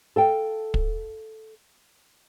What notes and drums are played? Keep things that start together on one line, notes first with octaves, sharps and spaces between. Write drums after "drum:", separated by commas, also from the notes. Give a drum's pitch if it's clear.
A4 F5 G5
drum: kick